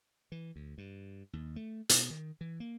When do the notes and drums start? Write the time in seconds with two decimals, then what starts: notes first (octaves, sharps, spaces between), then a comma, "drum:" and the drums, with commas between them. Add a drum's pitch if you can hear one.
0.32 E3
0.56 D2
0.78 G2
1.33 D#2
1.56 A3
1.89 B2, drum: hi-hat
2.10 D#3
2.41 E3
2.60 A#3